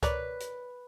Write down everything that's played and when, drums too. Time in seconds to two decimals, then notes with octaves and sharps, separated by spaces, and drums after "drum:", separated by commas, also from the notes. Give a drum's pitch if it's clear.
0.03 A#4 B4 C#5 D5, drum: kick C#2, hi-hat
0.40 drum: hi-hat